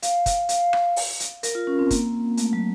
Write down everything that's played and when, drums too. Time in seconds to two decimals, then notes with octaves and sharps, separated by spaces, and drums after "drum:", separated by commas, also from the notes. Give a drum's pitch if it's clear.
0.03 F5, drum: hi-hat
0.26 drum: kick, hi-hat
0.49 F5, drum: hi-hat
0.73 drum: rim click
0.96 drum: open hi-hat
1.20 drum: hi-hat
1.43 A#4, drum: hi-hat
1.55 F4
1.67 C#4
1.79 C4
1.91 A#3, drum: kick, hi-hat
2.37 A3, drum: hi-hat
2.53 F#3